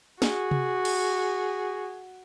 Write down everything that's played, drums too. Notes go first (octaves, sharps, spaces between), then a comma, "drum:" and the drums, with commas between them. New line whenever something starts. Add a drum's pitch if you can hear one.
F#4 G#4, drum: snare
drum: tom C3
drum: cymbal